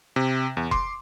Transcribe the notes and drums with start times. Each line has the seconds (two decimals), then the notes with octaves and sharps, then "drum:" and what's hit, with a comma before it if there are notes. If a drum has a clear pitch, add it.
0.16 C3
0.57 E2
0.71 C6 D6, drum: kick F1